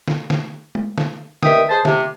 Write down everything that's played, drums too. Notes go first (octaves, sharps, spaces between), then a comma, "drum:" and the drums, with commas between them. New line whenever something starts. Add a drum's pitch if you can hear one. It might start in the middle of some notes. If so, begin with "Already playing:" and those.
drum: snare
drum: snare
drum: tom G#3
drum: snare
C2 D#3 E3 E5 G5 D#6, drum: snare
G#4 C5 A5
C3, drum: snare